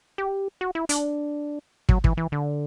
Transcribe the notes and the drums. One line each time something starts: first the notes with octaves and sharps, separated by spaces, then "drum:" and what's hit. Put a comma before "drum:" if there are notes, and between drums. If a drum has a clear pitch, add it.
G4
F#4
E4
D4, drum: hi-hat
F#3, drum: kick
E3, drum: kick
E3
D3